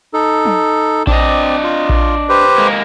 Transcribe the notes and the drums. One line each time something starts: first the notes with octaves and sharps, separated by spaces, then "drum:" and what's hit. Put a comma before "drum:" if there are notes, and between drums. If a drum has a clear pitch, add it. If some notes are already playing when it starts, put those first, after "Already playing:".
D#4 A4
drum: tom
C4 D4 D5 D#5, drum: kick A#1
F4
drum: kick A#1
G4 B4 C5
G#3 A#3